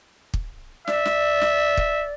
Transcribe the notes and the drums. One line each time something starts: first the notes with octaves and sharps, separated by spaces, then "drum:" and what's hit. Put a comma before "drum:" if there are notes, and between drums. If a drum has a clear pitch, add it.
drum: kick
D5 E5, drum: snare
drum: snare
drum: snare
drum: kick